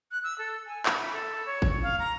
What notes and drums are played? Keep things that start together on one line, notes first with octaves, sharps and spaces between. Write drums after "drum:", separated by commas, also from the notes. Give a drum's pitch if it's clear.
F#6
E6
A4
G#5
B5, drum: clap
E5
A4
C#5
drum: kick G1
F5
A#5